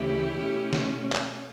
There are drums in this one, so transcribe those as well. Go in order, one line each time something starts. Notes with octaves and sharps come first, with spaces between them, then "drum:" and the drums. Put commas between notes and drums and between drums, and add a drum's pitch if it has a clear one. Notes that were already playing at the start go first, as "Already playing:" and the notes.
Already playing: D2 C#3 E3 E4 G4
B2 A3 C#4
drum: snare
drum: clap